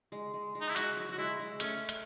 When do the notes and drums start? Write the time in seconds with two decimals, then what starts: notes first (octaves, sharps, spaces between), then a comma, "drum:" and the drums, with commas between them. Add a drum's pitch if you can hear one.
0.12 G#3
0.34 G#3
0.55 G#3
0.61 D#4
0.69 E4
0.76 G#3 F#4, drum: hi-hat
0.97 F#3
1.09 F#3 F#4
1.18 G#3 E4
1.39 G#3
1.60 A3 C#4, drum: hi-hat
1.89 drum: hi-hat